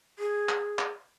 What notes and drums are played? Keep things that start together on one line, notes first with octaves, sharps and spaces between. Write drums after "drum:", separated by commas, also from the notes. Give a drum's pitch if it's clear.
G#4
drum: clap
drum: clap